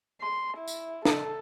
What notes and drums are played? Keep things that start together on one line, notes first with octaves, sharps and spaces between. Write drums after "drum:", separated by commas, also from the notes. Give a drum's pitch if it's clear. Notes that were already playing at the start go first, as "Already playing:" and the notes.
C6
E4
drum: tambourine
A4, drum: snare